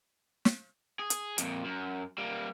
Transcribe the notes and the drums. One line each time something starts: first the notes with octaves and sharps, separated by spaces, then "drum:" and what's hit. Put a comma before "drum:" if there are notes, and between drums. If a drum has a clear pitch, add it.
drum: snare
G#4
drum: hi-hat
F2 A#2, drum: hi-hat
F#2
G3 A#3